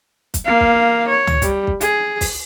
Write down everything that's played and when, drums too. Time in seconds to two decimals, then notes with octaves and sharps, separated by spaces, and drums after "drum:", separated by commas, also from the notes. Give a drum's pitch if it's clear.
0.34 drum: kick, hi-hat
0.45 A#3 F5
0.60 drum: kick
1.09 C#5
1.27 drum: tom C#2
1.42 G3, drum: kick, hi-hat
1.67 drum: kick
1.81 G#4, drum: hi-hat
2.21 drum: kick, open hi-hat